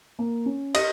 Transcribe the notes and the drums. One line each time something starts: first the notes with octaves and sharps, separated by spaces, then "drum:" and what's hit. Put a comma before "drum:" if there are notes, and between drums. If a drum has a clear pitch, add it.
A#3
C#4
G4 D#5, drum: cymbal